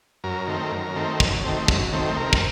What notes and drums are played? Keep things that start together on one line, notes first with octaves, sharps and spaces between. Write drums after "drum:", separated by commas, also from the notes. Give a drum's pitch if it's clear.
F#2 A#4
D#3 A3 C4
F#2
D#3 A3 C4
F#2, drum: kick
D#3 A3 C4
F#2, drum: kick
D#3 A3 C4
C3 A#4
drum: kick